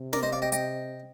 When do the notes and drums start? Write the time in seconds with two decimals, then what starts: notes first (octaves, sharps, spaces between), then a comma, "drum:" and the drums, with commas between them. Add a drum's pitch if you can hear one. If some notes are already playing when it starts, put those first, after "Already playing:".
Already playing: C3
0.13 A#4 D5, drum: snare
0.23 C5 D#5
0.32 D5 F5
0.42 D#5 G5
0.52 D#5 G5, drum: hi-hat